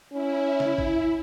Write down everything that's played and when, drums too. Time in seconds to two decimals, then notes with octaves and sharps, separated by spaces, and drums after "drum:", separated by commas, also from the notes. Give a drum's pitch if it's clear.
0.13 C#4 E4
0.60 drum: snare
0.78 drum: kick